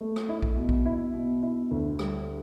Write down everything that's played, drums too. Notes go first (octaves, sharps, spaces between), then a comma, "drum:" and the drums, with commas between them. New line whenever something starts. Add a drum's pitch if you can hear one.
A3
drum: rim click
E4
drum: kick A#1
B2
drum: kick A#1
E4
B2
E4
D2
G3, drum: rim click